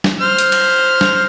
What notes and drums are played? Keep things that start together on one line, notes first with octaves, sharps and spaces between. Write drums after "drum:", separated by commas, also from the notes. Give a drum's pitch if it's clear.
drum: snare
C5 F6
drum: hi-hat
drum: cymbal
drum: snare